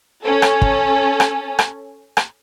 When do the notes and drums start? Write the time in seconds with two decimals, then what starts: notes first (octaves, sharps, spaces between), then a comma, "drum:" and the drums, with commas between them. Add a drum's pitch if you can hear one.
0.23 C#4 A4
0.42 drum: rim click
0.62 drum: kick
1.20 drum: rim click
1.59 drum: rim click
2.17 drum: rim click